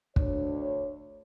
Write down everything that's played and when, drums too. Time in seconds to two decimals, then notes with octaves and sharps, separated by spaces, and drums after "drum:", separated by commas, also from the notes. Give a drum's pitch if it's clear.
0.16 D2 D4 C#5, drum: kick